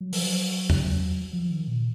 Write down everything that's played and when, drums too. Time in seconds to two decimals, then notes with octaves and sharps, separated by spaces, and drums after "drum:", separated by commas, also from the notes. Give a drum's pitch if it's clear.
0.01 F#3
0.13 F3, drum: open hi-hat
0.24 F#3
0.70 drum: tom E2
1.33 F3
1.51 D#3
1.68 A#2